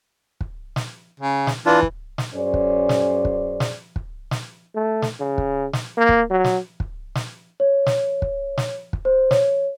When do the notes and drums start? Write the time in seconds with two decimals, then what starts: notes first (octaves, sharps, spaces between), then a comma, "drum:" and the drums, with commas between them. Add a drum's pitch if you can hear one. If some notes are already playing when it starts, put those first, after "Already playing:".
0.41 drum: kick
0.76 drum: snare
1.20 C#3
1.47 drum: snare
1.66 E3 D4 F4
1.83 drum: kick
2.18 drum: snare
2.34 F#2 C#4 G#4 C5 D5
2.54 drum: kick
2.89 drum: snare
3.25 drum: kick
3.60 drum: snare
3.96 drum: kick
4.31 drum: snare
4.75 A3
5.02 drum: snare
5.20 C#3
5.38 drum: kick
5.73 drum: snare
5.98 A#3
6.09 drum: kick
6.31 F#3
6.44 drum: snare
6.80 drum: kick
7.15 drum: snare
7.60 C#5
7.86 drum: snare
8.22 drum: kick
8.58 drum: snare
8.93 drum: kick
9.05 C5
9.31 C#5, drum: snare